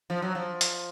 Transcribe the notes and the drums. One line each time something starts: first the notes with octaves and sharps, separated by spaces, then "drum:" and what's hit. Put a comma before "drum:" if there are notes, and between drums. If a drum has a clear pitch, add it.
F3
F#3
F3
drum: hi-hat